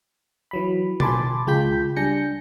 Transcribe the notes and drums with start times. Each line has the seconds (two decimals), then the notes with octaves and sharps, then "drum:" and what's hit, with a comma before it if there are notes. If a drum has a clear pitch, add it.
0.51 E3 F#3 B5
1.00 G#5 A5 B5 C6 D6 A6, drum: tom B2
1.47 C#2 G#3 F4 G5 G6 B6
1.96 G3 D4 G#5 G6 A#6 C#7